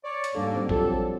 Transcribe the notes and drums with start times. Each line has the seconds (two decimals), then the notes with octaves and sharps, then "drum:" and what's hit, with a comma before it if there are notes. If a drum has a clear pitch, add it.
0.04 C#5 D5
0.24 drum: hi-hat
0.35 G#2 G3 A#3 D4 A4
0.55 F#3 C4
0.69 F3 A4, drum: kick G#1